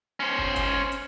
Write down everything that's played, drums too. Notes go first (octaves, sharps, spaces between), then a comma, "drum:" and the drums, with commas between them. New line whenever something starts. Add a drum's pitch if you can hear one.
C#4 C5
drum: kick
drum: kick, hi-hat
drum: hi-hat